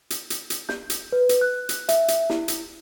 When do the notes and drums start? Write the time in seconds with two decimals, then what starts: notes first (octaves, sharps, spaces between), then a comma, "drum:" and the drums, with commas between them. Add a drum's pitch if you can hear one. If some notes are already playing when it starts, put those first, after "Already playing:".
0.10 drum: hi-hat
0.30 drum: hi-hat
0.50 drum: hi-hat
0.69 G6, drum: snare
0.90 drum: hi-hat
1.12 B4
1.29 drum: hi-hat
1.41 F#6
1.69 drum: hi-hat
1.89 E5, drum: hi-hat
2.08 drum: hi-hat
2.30 E4, drum: snare
2.48 drum: hi-hat